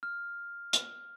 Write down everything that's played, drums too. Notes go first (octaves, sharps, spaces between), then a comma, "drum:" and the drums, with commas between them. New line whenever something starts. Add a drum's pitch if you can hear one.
F6
drum: hi-hat